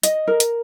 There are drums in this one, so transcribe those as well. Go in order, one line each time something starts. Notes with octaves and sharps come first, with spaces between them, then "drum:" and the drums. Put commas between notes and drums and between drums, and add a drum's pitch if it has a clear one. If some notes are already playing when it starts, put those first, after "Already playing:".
D#5, drum: hi-hat
A#4
drum: hi-hat